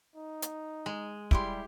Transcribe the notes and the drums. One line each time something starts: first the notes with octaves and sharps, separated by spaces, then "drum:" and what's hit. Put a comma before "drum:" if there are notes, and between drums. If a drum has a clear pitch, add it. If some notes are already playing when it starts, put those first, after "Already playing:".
D#4
drum: hi-hat
G#3
G3 E4 G4 C6, drum: kick